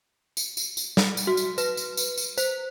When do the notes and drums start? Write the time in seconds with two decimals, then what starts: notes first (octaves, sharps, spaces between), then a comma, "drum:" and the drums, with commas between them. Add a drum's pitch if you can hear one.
0.37 drum: tambourine
0.57 drum: tambourine
0.77 drum: tambourine
0.97 drum: snare
1.17 drum: tambourine
1.27 F#4
1.37 drum: tambourine
1.58 B4, drum: tambourine
1.77 drum: tambourine
1.97 drum: tambourine
2.17 drum: tambourine
2.38 C5, drum: tambourine